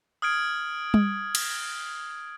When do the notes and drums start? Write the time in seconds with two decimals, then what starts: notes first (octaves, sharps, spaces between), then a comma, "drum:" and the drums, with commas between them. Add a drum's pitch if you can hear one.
0.22 D#6 F6 G#6 D7
0.94 drum: tom G3
1.35 drum: cymbal